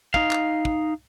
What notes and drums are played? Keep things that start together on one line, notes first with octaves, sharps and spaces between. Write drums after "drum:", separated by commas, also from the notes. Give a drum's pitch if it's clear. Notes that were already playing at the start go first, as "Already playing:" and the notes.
D#4 F5, drum: kick
drum: clap
drum: kick